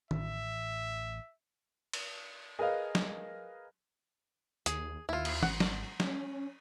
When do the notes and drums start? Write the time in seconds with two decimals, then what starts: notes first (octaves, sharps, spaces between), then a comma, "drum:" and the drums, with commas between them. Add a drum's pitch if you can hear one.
0.11 A1 E5, drum: tom D#3
1.93 drum: cymbal
2.59 G#4 A#4 B4 D#5 F5
2.95 drum: snare
4.66 D#2 G#4, drum: hi-hat
5.09 D#2 E4 F4
5.25 drum: cymbal
5.43 G#1 F#5, drum: tom
5.60 drum: snare
6.00 C#4, drum: snare